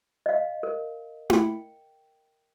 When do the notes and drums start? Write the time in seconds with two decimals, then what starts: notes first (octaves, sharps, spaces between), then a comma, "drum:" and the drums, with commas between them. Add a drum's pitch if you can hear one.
0.26 D#5 F5
0.63 A#4
1.30 G5, drum: tom E4